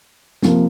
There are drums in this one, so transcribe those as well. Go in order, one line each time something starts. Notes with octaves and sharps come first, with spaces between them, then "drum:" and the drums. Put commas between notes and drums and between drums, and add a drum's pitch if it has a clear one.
C3 F3 A#3, drum: snare